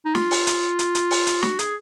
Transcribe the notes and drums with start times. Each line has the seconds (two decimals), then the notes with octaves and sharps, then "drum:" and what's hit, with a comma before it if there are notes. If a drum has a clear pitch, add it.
0.05 D#4
0.15 F4, drum: snare
0.31 drum: open hi-hat
0.47 drum: hi-hat
0.79 drum: hi-hat
0.95 drum: hi-hat
1.11 drum: open hi-hat
1.27 drum: hi-hat
1.43 F#4, drum: snare
1.59 G#4, drum: hi-hat